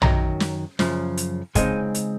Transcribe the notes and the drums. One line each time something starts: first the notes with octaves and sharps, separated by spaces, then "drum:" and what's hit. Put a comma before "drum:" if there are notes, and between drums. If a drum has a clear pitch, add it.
F#2 D#3 F#3 A#5, drum: tom
drum: snare
F#2 C#3 F3, drum: snare
drum: hi-hat
C#3 G#3 C4 D#4 G#5, drum: kick, hi-hat
drum: hi-hat